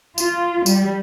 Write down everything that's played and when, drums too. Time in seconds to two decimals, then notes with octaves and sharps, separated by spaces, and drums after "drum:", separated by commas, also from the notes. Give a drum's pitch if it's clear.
0.18 F4, drum: tambourine
0.66 G3, drum: tambourine